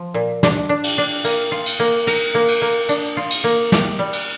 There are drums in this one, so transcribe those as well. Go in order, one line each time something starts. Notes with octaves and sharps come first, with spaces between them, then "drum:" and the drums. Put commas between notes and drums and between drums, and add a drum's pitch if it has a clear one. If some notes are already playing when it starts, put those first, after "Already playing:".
Already playing: F3
A#2
D4, drum: snare
D4
drum: cymbal
D4
A#3, drum: cymbal
F4
drum: cymbal
A#3
A#4, drum: cymbal
A#3
drum: cymbal
A#3
D4, drum: cymbal
F4
drum: cymbal
A#3
G4, drum: snare
G3
drum: cymbal